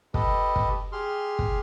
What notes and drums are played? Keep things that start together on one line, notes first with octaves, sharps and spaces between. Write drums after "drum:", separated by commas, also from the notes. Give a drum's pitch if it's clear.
G4 A4 B4 D#5, drum: kick
drum: kick
G4 G#4 C6 F6
drum: kick